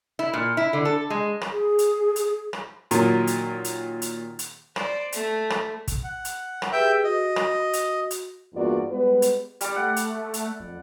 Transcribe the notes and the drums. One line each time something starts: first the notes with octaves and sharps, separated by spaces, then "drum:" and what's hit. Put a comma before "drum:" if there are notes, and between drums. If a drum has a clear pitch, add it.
E4
A#2
E4
D3
A4
G#3
drum: rim click
G#4
drum: hi-hat
drum: hi-hat
drum: rim click
A#2 D#3 F#3, drum: hi-hat
drum: hi-hat
drum: hi-hat
drum: hi-hat
drum: hi-hat
C5 D5, drum: rim click
A3, drum: hi-hat
drum: rim click
drum: kick, hi-hat
F#5
drum: hi-hat
drum: rim click
G4 G#4 B4 E5 G5
F#4 D#5
drum: rim click
drum: hi-hat
drum: hi-hat
E2 G2 A#3 F4 F#4 D5
G3 G#3 B3 B4
drum: hi-hat
G3 D5, drum: hi-hat
A3 F#5
drum: hi-hat
drum: hi-hat
F2